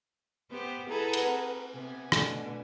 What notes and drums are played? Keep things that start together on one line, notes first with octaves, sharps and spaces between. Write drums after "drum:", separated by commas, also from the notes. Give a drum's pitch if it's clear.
B3 G4 C5
E4 G#4 A4 B4 F#5 A#5
drum: cymbal
C4
C3 B3 G#5
B2 D3 A3, drum: rim click